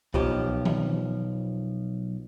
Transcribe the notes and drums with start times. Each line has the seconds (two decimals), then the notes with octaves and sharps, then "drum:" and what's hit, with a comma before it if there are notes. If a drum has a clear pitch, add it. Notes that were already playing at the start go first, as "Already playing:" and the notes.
0.14 B1 F3 G4, drum: kick C2
0.65 drum: tom D#3